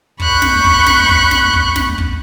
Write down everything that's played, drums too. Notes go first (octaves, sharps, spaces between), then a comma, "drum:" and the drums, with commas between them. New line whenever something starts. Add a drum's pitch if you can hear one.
B5 C#6 F#6 G6, drum: kick
drum: snare
drum: kick
drum: snare
drum: kick
drum: snare
drum: kick
drum: snare
drum: kick